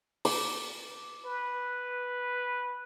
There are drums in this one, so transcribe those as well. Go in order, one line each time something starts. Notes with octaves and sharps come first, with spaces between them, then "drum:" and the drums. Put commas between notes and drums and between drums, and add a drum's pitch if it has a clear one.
D6, drum: open hi-hat
B4